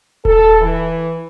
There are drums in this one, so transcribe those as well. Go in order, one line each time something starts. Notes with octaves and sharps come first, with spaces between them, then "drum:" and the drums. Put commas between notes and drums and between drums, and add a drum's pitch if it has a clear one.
A4, drum: kick D#1
E3